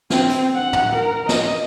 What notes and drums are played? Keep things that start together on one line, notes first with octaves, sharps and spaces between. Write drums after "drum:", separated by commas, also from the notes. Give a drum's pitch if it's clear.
C4, drum: snare
drum: hi-hat
F#5
drum: tom
A#4
D#5, drum: snare